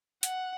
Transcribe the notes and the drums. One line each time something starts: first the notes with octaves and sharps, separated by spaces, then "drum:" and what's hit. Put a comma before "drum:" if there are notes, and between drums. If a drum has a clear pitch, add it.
F#5, drum: hi-hat